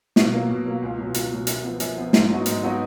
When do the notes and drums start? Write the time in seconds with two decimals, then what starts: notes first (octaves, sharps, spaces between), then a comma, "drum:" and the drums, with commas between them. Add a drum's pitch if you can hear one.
0.16 B2, drum: snare
0.32 F#3 A#3
0.49 B2
0.65 F#3 A#3
0.82 C#2
0.97 B2 F#3
1.14 C#2, drum: hi-hat
1.31 B2 F#3
1.47 F#2, drum: hi-hat
1.64 F3 B3
1.80 F#2, drum: hi-hat
1.96 F3 B3
2.13 G#2, drum: snare
2.29 F#3 B3 D#4 F#4
2.46 G#2, drum: hi-hat
2.63 F#3 B3 D#4 F#4